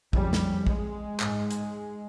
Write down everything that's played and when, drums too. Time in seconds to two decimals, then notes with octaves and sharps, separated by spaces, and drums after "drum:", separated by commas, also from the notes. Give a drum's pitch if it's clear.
0.13 F2 C#3 G3, drum: kick
0.33 drum: snare
0.67 G#3, drum: kick
1.20 G#2, drum: clap
1.51 drum: hi-hat